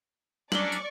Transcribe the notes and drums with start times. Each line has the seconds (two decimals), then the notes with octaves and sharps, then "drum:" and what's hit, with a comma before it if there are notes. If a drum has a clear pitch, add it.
0.52 F#3 C#4 D4 D5 C#6 F#7 G7, drum: snare
0.72 drum: tambourine